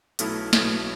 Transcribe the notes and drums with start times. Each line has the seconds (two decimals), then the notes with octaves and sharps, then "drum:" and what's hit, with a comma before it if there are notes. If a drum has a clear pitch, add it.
0.19 B1 B2 A3 C#4 E4, drum: hi-hat
0.53 B1 B2 A3 C#4 E4, drum: snare